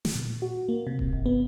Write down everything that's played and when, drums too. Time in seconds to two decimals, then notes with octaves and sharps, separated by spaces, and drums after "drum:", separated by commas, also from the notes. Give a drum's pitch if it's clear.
0.05 drum: snare
0.15 A#2
0.42 F#4
0.69 A#3
0.87 C3
0.99 drum: kick D#1
1.13 G1
1.26 B3